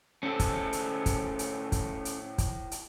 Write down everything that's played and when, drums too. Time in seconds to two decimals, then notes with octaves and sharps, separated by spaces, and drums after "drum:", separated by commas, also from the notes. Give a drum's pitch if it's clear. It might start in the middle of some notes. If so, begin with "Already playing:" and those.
0.23 A2 C4 C#4 A4
0.39 drum: kick, hi-hat
0.73 drum: hi-hat
1.06 drum: kick, hi-hat
1.39 drum: hi-hat
1.72 drum: kick, hi-hat
2.05 drum: hi-hat
2.38 drum: kick, hi-hat
2.71 drum: hi-hat